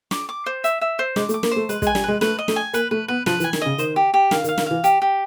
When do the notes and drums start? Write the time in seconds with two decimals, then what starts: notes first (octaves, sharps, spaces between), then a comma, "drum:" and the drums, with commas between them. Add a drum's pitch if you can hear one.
0.11 D6, drum: snare
0.29 D6
0.46 C5
0.64 E5, drum: hi-hat
0.81 E5
0.99 C5
1.16 G#3 D6, drum: snare
1.29 A3, drum: hi-hat
1.34 D6
1.43 A#3, drum: snare
1.51 A3 C5
1.69 G#3 B4, drum: hi-hat
1.82 G#3, drum: kick, hi-hat
1.87 G#5
1.95 G3, drum: snare
2.04 G#3 B4
2.21 A3 B4, drum: snare
2.39 D#5
2.48 A3, drum: snare
2.56 G#5
2.73 A#3 B4, drum: hi-hat
2.91 A3 B4
3.08 B3 B4
3.26 F3 B4, drum: snare
3.40 E3, drum: hi-hat
3.44 G#5
3.53 D#3, drum: snare
3.61 C#3 D#5
3.78 D#3 C5, drum: hi-hat
3.96 G4
4.14 G4
4.31 D#3 F5, drum: snare
4.44 D#3, drum: hi-hat
4.48 F5
4.58 D#3, drum: snare
4.66 E3 F5
4.84 G4, drum: hi-hat
5.02 G4